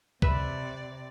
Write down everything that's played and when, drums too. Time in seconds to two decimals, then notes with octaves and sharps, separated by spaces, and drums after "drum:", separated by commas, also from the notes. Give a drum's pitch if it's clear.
0.22 C3 B4 D5 E5, drum: kick